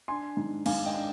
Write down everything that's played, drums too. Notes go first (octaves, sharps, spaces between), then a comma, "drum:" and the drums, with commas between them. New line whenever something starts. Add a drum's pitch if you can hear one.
D4 G#5 C6
G#2
G#2 F5 G#5, drum: cymbal
D#5 G5
D4